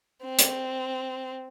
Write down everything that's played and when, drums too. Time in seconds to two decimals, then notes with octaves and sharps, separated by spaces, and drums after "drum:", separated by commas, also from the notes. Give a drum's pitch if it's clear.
0.23 C4
0.39 drum: hi-hat